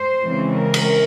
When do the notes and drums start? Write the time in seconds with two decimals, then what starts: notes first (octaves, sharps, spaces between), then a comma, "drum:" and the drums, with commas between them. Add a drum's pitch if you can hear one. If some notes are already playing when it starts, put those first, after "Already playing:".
Already playing: C5
0.24 C#3 E3 G#3 C4
0.55 A#4
0.74 drum: cymbal